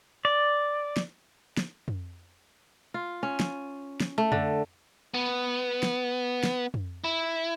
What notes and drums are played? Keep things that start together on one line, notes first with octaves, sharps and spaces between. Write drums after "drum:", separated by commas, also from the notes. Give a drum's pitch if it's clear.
D5
drum: snare
drum: snare
drum: tom F2
F4
C#4
drum: snare
drum: snare
A3
D3, drum: tom F2
B3
drum: snare
drum: snare
drum: tom F2
E4